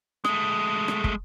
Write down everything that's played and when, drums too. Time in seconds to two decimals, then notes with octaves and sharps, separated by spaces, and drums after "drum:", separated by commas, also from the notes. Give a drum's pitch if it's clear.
0.25 G#3 A3, drum: rim click
0.88 drum: rim click
1.04 drum: kick